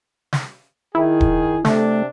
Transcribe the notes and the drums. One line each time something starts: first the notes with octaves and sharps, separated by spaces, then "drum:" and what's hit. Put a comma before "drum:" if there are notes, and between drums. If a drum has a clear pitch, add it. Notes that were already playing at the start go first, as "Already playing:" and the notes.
drum: snare
D#3 E4 G#4
drum: kick D#1
C3 A3 D4, drum: snare